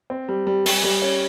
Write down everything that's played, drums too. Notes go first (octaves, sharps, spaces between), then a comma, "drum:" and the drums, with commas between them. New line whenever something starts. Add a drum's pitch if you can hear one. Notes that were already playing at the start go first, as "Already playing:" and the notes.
C4
G3
G3
G3, drum: open hi-hat
G3
C#4